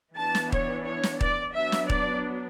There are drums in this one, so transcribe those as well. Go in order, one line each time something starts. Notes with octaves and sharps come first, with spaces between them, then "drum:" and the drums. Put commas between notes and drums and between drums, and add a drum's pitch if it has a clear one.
E3 B3 D4 A5
drum: snare
C#5, drum: kick D#1
C#5
drum: snare
D5, drum: kick D#1
F#3 B3 D4 E5
drum: snare
D5, drum: kick D#1